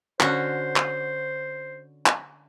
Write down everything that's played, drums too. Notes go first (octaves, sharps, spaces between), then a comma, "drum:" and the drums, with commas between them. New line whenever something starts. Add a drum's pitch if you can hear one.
D3 C#4 F#4 C5, drum: clap
drum: clap
drum: clap